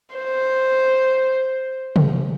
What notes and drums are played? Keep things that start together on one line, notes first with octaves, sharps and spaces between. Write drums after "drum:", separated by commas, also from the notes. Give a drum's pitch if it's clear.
C5
drum: tom